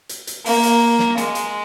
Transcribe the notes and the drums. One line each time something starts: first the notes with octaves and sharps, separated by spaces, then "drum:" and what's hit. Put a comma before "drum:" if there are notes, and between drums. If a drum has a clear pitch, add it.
drum: hi-hat
drum: hi-hat
A#3, drum: open hi-hat
drum: hi-hat
drum: snare
G#3, drum: hi-hat
drum: hi-hat